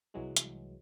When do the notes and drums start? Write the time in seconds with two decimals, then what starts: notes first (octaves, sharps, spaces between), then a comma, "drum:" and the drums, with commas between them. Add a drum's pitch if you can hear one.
0.14 C2 E3 F#3 G#3
0.37 drum: hi-hat